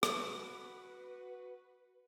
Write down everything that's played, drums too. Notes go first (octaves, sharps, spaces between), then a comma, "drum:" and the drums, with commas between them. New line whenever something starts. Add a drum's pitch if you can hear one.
F#4 B4, drum: rim click